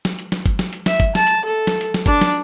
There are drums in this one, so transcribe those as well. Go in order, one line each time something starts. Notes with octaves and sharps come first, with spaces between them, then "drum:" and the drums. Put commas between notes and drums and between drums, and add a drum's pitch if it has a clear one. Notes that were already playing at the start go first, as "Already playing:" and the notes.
drum: snare
drum: hi-hat
drum: snare
drum: kick G1, hi-hat
drum: snare
drum: hi-hat
E5, drum: snare
drum: kick G1, hi-hat
A5, drum: snare
drum: hi-hat
A4
drum: snare
drum: hi-hat
drum: snare
D4, drum: kick G1, hi-hat
drum: snare